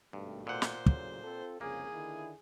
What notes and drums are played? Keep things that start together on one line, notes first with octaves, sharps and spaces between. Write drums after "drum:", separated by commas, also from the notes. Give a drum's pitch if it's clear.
G#1 G2 B2 A3
A#2 C5 F#5
drum: snare
A2 C#3 F#3, drum: kick
C4 F4 A4
C2 F2 C#3 A#3 G#4
D3 D#3 E4